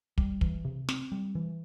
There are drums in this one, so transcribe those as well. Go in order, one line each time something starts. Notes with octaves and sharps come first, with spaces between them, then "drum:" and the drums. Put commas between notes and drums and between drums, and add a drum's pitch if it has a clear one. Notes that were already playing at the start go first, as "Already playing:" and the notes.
G3, drum: kick
E3, drum: kick
C3
C4, drum: snare
G3
E3